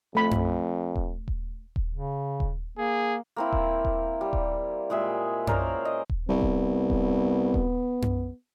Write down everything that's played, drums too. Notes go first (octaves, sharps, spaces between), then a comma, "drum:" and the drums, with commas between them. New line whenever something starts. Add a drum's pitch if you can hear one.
F2 A3 B5
drum: tom F#2
drum: kick D#1
drum: kick D#1
drum: kick D#1
C#3
drum: kick D#1
A#3 G#4
A#3 C4 E4
drum: kick D#1
drum: kick D#1
G3
drum: kick D#1
A#2 G#3 G#4 E5
C#4 A#4 C5 D5, drum: tom F#2
D#5
drum: kick D#1
C2 B3
drum: kick D#1
drum: kick D#1
drum: kick D#1
drum: tom F#2